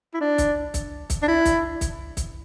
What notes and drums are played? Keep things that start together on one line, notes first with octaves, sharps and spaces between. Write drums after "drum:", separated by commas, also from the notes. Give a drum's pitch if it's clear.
E4
D4
drum: kick, hi-hat
drum: kick, hi-hat
drum: kick, hi-hat
D4
E4
drum: kick, hi-hat
drum: kick, hi-hat
drum: kick, hi-hat